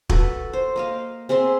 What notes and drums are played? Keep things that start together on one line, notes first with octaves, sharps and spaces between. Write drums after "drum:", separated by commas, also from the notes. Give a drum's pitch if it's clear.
F#4 A4 B4, drum: kick
C5
A#3 D#5 F5
C4 G#4 E5 C6